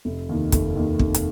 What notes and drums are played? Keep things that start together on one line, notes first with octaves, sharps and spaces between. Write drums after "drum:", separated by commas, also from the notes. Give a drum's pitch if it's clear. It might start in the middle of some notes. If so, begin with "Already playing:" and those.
F1
D#2 D#3
F1, drum: kick, hi-hat
D#2 D#3
F1, drum: kick
drum: hi-hat